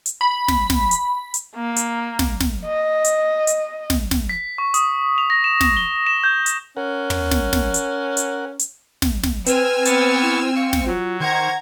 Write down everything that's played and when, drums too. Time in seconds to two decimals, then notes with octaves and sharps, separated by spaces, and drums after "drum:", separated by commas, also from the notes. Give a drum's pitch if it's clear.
0.06 drum: hi-hat
0.21 B5
0.48 drum: snare
0.70 drum: snare
0.91 drum: hi-hat
1.34 drum: hi-hat
1.56 A#3
1.76 drum: hi-hat
2.19 drum: snare
2.40 drum: snare
2.66 D#5
3.04 drum: hi-hat
3.47 drum: hi-hat
3.90 drum: snare
4.11 drum: snare
4.29 B6
4.58 C#6
4.74 D#6, drum: hi-hat
5.18 F7
5.30 A#6
5.44 E7
5.61 drum: snare
5.77 G7
6.07 E7
6.24 G6
6.46 drum: hi-hat
6.77 C#4 A#4 F#5
7.10 drum: tom
7.31 drum: snare
7.53 drum: snare
7.74 drum: hi-hat
8.17 drum: hi-hat
8.59 drum: hi-hat
9.02 drum: snare
9.23 drum: snare
9.46 C4 B4 G#5 E6 F6, drum: hi-hat
9.85 B3 C#6 A6, drum: hi-hat
10.22 E4
10.56 F5 C#6
10.73 drum: snare
10.86 F#3 F4
11.21 D#3 C5 F#5 A#5 C#6 G#6